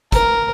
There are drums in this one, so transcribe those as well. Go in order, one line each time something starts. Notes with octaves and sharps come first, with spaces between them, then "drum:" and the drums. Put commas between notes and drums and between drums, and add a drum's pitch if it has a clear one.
A#4, drum: kick, hi-hat